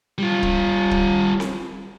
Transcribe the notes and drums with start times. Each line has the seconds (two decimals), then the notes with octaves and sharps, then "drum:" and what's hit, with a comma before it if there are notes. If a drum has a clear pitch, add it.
0.18 G3 F4
0.43 drum: kick C#1
0.91 drum: kick C#1
1.40 drum: snare C4